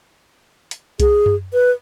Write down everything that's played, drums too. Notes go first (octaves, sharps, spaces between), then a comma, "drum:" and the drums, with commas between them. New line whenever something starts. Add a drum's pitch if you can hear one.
drum: hi-hat
G#4, drum: kick C2, hi-hat
drum: tom F#2
B4